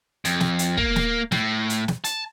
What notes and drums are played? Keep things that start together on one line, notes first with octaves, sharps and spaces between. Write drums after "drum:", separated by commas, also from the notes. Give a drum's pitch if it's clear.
F2, drum: hi-hat
drum: snare
drum: hi-hat
A#3, drum: kick
drum: snare
A2, drum: snare
drum: hi-hat
drum: snare
A5, drum: hi-hat